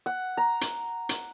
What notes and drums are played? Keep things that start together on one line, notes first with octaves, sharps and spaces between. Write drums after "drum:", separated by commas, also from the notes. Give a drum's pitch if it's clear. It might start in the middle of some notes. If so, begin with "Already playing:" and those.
F#5
A#5
drum: hi-hat
drum: hi-hat